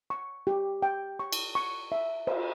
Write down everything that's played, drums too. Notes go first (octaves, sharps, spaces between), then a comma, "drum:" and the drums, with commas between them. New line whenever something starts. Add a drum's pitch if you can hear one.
C#6
G4
G5
C#6
drum: cymbal
C#6
E5
C5, drum: cymbal